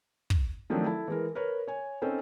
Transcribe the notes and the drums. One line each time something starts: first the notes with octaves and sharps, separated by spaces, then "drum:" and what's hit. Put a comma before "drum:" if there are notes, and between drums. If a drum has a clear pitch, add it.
drum: kick
D#3 F3 F#3 A3 C4 D4
E4 A4 A5
E3 G#3 A#4
A#4 B4 C#5
C#5 G#5
C4 C#4 D#4 A4 C5